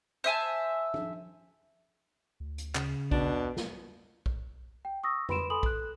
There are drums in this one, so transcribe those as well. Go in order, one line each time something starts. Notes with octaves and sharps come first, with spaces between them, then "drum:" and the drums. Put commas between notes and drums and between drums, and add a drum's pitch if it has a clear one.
C5 E5 G#5 A5
drum: tom
D2
drum: hi-hat
C#3, drum: clap
D#2 B2 D4, drum: kick
drum: snare
drum: kick
G5
C#6 D#6 E6 A#6
B4 B5 C6 D7 E7, drum: tom F2
A4 G#5 B5 C6 D#6 F#7
A4 F#6, drum: kick